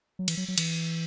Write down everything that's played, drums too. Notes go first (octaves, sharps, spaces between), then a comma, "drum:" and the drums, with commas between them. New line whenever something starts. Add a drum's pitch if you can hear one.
F#3
E3, drum: cymbal
F#3
F#3
E3, drum: cymbal